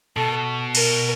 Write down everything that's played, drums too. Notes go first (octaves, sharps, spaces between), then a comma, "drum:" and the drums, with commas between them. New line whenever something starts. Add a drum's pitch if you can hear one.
B2 A4
A#4, drum: cymbal